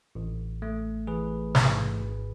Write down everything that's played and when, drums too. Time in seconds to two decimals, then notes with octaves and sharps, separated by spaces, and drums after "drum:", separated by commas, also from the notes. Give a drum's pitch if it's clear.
0.15 A1
0.62 A3
1.07 E3 G#4 B4
1.55 G#2, drum: snare
2.01 G#1